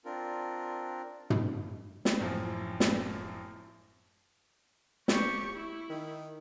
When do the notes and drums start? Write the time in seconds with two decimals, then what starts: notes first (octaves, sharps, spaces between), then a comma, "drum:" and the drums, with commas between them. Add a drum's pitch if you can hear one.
0.05 C4 D4 F4 A#4
1.30 drum: tom
2.05 drum: snare
2.21 A1 F#2 F3
2.80 drum: snare
5.08 G4 C#6, drum: snare
5.55 E4
5.89 D#3